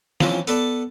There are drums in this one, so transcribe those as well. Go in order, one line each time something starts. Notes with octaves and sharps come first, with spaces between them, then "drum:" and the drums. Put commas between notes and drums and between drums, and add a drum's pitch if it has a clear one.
E3 F3 C4 C#4 F4, drum: snare
B3 A4 B4 D5 A5, drum: hi-hat